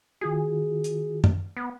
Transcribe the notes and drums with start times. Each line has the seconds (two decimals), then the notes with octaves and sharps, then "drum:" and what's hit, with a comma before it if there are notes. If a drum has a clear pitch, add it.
0.21 D#3 F4 F#4 G#4
0.84 drum: hi-hat
1.24 drum: tom
1.57 B3